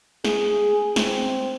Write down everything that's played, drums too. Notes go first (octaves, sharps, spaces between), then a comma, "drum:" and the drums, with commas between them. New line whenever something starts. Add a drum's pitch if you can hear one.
G#4, drum: snare
C4, drum: snare